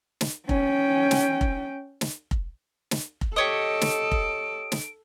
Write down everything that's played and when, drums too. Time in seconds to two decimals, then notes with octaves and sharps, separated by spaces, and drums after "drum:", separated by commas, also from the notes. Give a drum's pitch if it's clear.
0.21 drum: snare
0.49 C#4 G5, drum: kick F1
1.11 drum: snare
1.41 drum: kick F1
2.01 drum: snare
2.31 drum: kick F1
2.91 drum: snare
3.21 drum: kick F1
3.36 G4 A4 C#5 D#5 D7
3.81 drum: snare
4.11 drum: kick F1
4.72 drum: snare